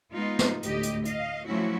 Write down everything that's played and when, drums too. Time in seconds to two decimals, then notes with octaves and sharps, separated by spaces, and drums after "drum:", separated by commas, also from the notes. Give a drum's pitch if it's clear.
0.12 G#3 B3 D#4 F4
0.39 drum: snare
0.63 D2 A2 G4 D#5, drum: hi-hat
0.83 drum: hi-hat
1.05 D#5 F5, drum: hi-hat
1.46 F3 F#3 A3 C#4 E4 F#4